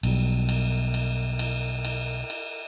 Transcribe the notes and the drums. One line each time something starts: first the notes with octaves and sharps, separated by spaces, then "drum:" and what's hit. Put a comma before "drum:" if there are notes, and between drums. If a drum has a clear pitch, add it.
B1 G3, drum: cymbal
drum: cymbal
drum: cymbal
drum: cymbal
drum: cymbal
drum: cymbal